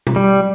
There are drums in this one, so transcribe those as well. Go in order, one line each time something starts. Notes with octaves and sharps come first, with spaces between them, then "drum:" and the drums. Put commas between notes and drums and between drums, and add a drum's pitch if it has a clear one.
drum: tom
G3